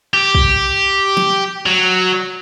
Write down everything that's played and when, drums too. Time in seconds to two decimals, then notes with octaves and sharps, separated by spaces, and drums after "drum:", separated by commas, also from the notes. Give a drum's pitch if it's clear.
0.14 G4
0.35 drum: kick
1.17 drum: snare
1.66 F#3